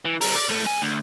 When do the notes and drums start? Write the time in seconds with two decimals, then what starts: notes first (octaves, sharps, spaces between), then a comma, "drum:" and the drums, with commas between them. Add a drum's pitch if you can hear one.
0.05 E3
0.21 G3 A#4, drum: open hi-hat
0.35 D5
0.49 A2 A3
0.64 C2 G#5
0.82 D2